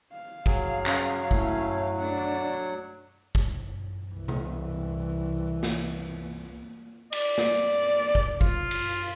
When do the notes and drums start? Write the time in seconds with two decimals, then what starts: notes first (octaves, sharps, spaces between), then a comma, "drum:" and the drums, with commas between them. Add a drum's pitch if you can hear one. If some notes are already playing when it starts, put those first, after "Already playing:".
0.12 F5
0.46 F#3 G#4, drum: kick
0.86 C#3, drum: clap
1.31 A2 A3 C#4 E4, drum: kick
1.99 A3 D4 F#5
3.35 drum: kick
4.14 C2 E3
4.28 drum: tom C3
5.63 drum: snare
7.13 D5, drum: cymbal
7.38 drum: snare
8.15 drum: kick
8.41 F4, drum: kick
8.71 drum: cymbal